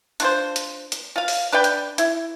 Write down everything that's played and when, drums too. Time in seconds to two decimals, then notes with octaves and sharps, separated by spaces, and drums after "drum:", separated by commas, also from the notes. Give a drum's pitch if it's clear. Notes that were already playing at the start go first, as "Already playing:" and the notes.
0.20 D4 F4 C5, drum: hi-hat
0.56 drum: hi-hat
0.92 drum: hi-hat
1.16 F4 F5
1.28 drum: open hi-hat
1.52 D4 B4 D5 G5
1.64 drum: hi-hat
1.98 E4, drum: hi-hat